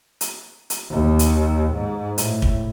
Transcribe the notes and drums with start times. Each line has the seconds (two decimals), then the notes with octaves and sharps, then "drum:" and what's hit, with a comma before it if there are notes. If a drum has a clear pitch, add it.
0.21 drum: hi-hat
0.70 drum: hi-hat
0.91 D#2
1.19 drum: hi-hat
1.73 G#2
2.18 A2, drum: hi-hat
2.42 drum: kick